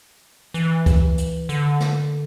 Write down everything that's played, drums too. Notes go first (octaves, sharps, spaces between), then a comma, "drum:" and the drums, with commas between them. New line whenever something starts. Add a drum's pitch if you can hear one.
E3, drum: hi-hat
drum: kick C#2, hi-hat
drum: hi-hat
D3, drum: hi-hat
drum: snare